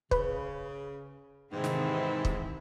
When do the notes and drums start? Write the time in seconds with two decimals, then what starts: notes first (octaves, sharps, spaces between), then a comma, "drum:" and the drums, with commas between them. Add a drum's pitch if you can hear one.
0.11 C#3 B4 B5, drum: kick
1.53 G#2 C3 D#3 E3 C4 E4
1.64 drum: snare
2.25 drum: kick